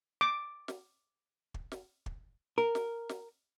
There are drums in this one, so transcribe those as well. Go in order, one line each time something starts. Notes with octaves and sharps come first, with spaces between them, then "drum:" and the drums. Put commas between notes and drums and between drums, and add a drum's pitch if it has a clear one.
D6
drum: snare
drum: kick
drum: snare
drum: kick
A#4
drum: snare
drum: snare